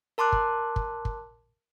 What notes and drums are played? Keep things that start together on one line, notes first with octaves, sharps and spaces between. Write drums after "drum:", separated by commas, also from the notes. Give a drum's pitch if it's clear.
A#4 A5 C6 D6 F#6
drum: kick
drum: kick
drum: kick